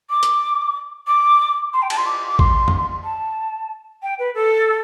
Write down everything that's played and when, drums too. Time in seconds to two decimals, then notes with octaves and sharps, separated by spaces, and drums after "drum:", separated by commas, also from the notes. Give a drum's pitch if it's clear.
0.10 D6
0.23 drum: hi-hat
1.07 D6
1.73 C6
1.82 G5
1.90 A5, drum: cymbal
1.97 C6
2.06 D6
2.28 D6
2.39 C6, drum: kick
2.68 drum: tom F2
3.04 A5
4.03 G5
4.19 B4
4.34 A4